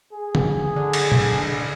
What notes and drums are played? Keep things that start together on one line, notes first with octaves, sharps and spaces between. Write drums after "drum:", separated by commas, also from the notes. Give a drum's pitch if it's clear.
G#4
drum: tom D3
D3
drum: cymbal
drum: tom